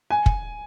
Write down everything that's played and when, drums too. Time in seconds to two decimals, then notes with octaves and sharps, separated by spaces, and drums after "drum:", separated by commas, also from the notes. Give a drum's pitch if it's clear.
0.10 G#5
0.26 drum: kick